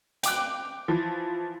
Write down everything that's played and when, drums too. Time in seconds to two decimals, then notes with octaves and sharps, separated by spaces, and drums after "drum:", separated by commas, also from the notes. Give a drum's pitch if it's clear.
0.23 G5 D6 F#6, drum: hi-hat
0.88 E3 F3